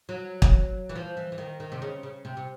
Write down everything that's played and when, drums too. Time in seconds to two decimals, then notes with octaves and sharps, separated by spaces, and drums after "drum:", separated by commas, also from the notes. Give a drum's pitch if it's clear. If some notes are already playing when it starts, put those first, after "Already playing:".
0.09 F#3
0.42 drum: kick
0.89 E3
0.96 F3
1.17 E3
1.32 E3
1.38 D#3
1.60 D#3
1.72 C3
1.82 C#3
2.03 C#3
2.25 C3
2.37 C3